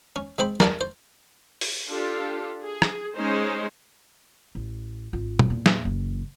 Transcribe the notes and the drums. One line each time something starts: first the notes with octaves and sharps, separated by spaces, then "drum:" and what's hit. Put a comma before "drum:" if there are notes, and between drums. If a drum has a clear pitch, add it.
C#4
G#3 C4 C5 B5
A#4 D5 F#5 A5, drum: snare
C5
drum: open hi-hat
D4 F4 G4 A4
G#4
drum: rim click
G#3 C#4 D#4 C5
A1
G#1 F4
drum: tom
E2 A#2
drum: snare
F#1 E3